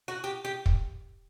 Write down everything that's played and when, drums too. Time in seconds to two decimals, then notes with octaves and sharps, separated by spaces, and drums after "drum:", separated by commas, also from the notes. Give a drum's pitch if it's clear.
0.08 F#4
0.24 G4
0.45 G4
0.66 drum: kick